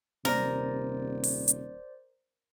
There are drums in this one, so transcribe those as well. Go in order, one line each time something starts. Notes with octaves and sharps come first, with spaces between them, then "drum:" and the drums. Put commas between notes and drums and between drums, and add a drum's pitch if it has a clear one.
D#1 C3 A#4 C5 D5, drum: snare
drum: open hi-hat
drum: hi-hat